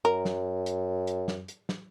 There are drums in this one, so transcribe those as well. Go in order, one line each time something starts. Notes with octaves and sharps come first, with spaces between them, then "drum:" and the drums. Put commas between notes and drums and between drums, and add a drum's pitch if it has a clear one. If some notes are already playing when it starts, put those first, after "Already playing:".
F#2 A#4
drum: snare
drum: hi-hat
drum: hi-hat
drum: snare
drum: hi-hat
drum: snare